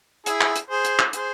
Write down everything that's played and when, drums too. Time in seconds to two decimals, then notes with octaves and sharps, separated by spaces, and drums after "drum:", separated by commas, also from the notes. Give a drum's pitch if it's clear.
0.26 E4 G#4, drum: hi-hat
0.41 drum: clap
0.56 drum: hi-hat
0.70 G#4 C5
0.85 drum: hi-hat
0.99 drum: clap
1.13 G#4 C5, drum: hi-hat